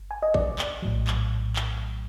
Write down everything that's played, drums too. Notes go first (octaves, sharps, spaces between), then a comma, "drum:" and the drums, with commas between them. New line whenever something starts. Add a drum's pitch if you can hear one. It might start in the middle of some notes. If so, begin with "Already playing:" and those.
Already playing: G1
G#5
D#5
D5, drum: kick A1
drum: clap
A#1 A2 F#3
drum: clap
drum: clap